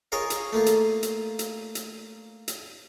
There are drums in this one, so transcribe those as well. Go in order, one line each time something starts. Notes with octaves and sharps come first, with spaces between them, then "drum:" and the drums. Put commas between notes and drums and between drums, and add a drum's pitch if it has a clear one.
F4 G#4 A#4 C#5 D#5 F5
drum: hi-hat
A3 A#3 F4
drum: hi-hat
drum: hi-hat
drum: hi-hat
drum: hi-hat
drum: hi-hat